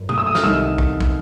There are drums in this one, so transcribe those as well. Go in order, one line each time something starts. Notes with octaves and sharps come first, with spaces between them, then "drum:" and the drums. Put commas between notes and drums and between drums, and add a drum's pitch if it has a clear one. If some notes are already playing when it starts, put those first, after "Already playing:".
Already playing: G1 F#2
D#6, drum: tom
E6
D#6
F6, drum: snare
C2 C3 D#3 E6
drum: kick
drum: kick